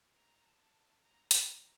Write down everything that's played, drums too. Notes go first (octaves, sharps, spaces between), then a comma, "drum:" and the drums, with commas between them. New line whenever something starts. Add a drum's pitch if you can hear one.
A#5
A5
A#5
A#5, drum: hi-hat